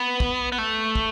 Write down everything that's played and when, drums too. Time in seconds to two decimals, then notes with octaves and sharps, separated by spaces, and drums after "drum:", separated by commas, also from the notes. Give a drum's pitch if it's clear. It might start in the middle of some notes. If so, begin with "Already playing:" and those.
Already playing: B3
0.20 drum: kick
0.52 B3
0.58 A3
0.95 drum: kick